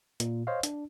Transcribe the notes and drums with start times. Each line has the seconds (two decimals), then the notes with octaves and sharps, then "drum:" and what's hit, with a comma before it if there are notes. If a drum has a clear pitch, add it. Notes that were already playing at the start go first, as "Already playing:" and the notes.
0.20 A#2, drum: hi-hat
0.47 C5 C#5 D#5 F5
0.63 D4, drum: hi-hat